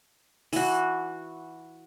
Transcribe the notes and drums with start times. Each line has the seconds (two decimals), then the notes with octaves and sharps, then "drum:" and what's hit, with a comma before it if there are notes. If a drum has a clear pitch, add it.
0.53 E3 F#4, drum: open hi-hat